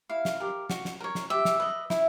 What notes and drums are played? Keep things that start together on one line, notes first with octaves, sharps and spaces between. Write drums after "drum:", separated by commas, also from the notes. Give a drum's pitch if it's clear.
E4 F5
drum: snare
G4 A#4
F#4, drum: snare
drum: snare
A#4 C#5
drum: snare
G4 E5
drum: snare
B4 D#5
E4, drum: snare